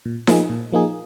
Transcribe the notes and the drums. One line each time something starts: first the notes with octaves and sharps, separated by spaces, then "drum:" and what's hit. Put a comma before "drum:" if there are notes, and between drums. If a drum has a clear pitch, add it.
A#2
F3 A#3 D#4 G#4, drum: snare D#4
A#2
F3 A#3 D#4 G#4